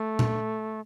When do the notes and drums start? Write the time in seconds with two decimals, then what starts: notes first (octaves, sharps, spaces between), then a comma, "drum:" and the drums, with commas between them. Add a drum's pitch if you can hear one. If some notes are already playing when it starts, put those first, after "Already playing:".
Already playing: A3
0.19 drum: tom A#2